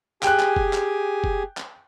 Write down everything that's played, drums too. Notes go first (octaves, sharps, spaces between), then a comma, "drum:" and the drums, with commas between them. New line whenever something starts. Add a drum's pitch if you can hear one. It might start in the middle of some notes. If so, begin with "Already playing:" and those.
G4 G#4 G5 G#5 F#6, drum: clap
drum: clap
drum: kick F#1
drum: clap
drum: kick F#1
drum: clap